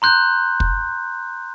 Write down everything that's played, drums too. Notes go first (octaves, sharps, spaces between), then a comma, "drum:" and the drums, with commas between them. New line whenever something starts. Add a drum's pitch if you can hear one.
A#5 C6 F#6 G6
drum: kick